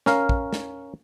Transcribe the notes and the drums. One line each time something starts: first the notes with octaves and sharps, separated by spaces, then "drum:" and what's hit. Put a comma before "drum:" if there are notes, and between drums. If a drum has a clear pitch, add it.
C#4 A#4 F5, drum: snare
drum: kick
drum: snare